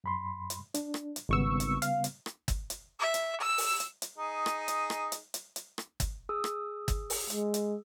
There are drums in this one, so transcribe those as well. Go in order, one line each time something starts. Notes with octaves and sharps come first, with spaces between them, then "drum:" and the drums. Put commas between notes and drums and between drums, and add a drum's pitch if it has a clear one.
F#2 B5 C6
drum: hi-hat
D4, drum: hi-hat
drum: rim click
drum: hi-hat
G#1 C#3 G3 B3 C#6 E6
drum: hi-hat
F5, drum: hi-hat
drum: hi-hat
drum: rim click
drum: kick G1, hi-hat
drum: hi-hat
E5
drum: hi-hat
E6
drum: open hi-hat
drum: hi-hat
drum: hi-hat
D#4 G#4
drum: rim click
drum: hi-hat
drum: rim click
drum: hi-hat
drum: hi-hat
drum: hi-hat
drum: rim click
drum: kick G1, hi-hat
G#4 D#6 E6
drum: rim click
drum: kick G1, hi-hat
drum: open hi-hat
G#3, drum: hi-hat
drum: hi-hat